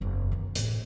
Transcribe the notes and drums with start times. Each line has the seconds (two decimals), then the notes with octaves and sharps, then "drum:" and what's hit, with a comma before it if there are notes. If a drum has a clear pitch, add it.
0.01 F#1 E2
0.32 D#3 E3
0.55 A2, drum: hi-hat